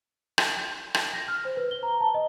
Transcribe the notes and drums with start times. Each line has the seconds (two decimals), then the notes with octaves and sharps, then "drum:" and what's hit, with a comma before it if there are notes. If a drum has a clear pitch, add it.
0.38 drum: rim click
0.94 drum: rim click
1.13 A#6
1.28 F6
1.45 C5
1.57 B4
1.71 G7
1.83 A#5
2.00 A5
2.14 D#5